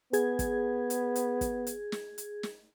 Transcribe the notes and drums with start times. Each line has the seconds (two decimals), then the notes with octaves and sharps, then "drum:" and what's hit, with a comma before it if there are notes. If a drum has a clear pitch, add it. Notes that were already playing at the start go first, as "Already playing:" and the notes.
0.13 B3 G#4 G#6, drum: hi-hat
0.39 drum: kick, hi-hat
0.90 drum: hi-hat
1.15 drum: hi-hat
1.41 drum: kick, hi-hat
1.67 drum: hi-hat
1.92 drum: snare
2.18 drum: hi-hat
2.43 drum: snare